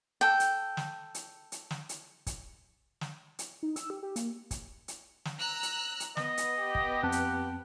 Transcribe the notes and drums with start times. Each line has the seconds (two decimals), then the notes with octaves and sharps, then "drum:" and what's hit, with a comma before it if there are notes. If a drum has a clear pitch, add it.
0.21 A4 G5
0.40 drum: hi-hat
0.77 drum: snare
1.15 drum: hi-hat
1.52 drum: hi-hat
1.71 drum: snare
1.89 drum: hi-hat
2.27 drum: kick, hi-hat
3.01 drum: snare
3.39 drum: hi-hat
3.63 D#4
3.76 E6, drum: hi-hat
3.90 G4
4.03 G4
4.16 A#3, drum: hi-hat
4.51 drum: kick, hi-hat
4.88 drum: hi-hat
5.25 drum: snare
5.38 A#5 E6 F#6
5.63 drum: hi-hat
6.00 drum: hi-hat
6.17 B3 D#5, drum: snare
6.37 drum: hi-hat
6.58 G4
6.75 drum: kick
7.03 F2 C4 F#5 A5
7.12 drum: hi-hat